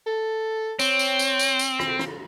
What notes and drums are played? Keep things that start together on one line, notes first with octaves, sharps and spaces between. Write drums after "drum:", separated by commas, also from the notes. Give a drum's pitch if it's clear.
A4
C4 C#5, drum: tambourine
drum: tambourine
drum: tambourine
drum: tambourine
drum: tambourine
drum: rim click
drum: rim click